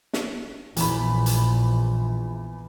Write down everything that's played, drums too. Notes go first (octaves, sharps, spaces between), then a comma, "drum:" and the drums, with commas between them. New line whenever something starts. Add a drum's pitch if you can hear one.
drum: snare
A#1 E2 B5, drum: hi-hat
drum: hi-hat